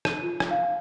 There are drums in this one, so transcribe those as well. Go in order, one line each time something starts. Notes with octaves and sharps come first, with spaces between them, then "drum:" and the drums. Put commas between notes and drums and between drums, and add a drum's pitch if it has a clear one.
D#7, drum: rim click
F4
drum: rim click
F5